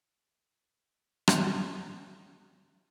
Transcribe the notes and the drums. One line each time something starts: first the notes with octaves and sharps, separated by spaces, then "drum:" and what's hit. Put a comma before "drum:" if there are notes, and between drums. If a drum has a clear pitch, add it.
D#2 B2
drum: rim click